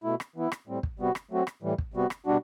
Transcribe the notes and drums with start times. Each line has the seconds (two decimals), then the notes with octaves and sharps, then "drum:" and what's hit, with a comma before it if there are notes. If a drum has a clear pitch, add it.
0.04 B2 A3 E4
0.20 drum: rim click
0.36 E3 B3 E4
0.52 drum: rim click
0.67 A2 G3 C4
0.83 drum: kick
0.99 C3 G3 B3 F#4
1.15 drum: rim click
1.31 F#3 A3 C4 F#4
1.47 drum: rim click
1.62 A2 E3 G3
1.78 drum: kick
1.94 C3 G3 B3 F#4
2.10 drum: rim click
2.26 B2 G3 D4 F#4